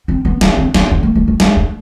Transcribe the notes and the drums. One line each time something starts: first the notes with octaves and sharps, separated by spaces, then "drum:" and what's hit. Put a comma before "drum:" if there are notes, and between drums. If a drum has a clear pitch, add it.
C4
B3
B3, drum: snare
C4
B3, drum: snare
B3
A3
A3
A3
G#3, drum: snare
A3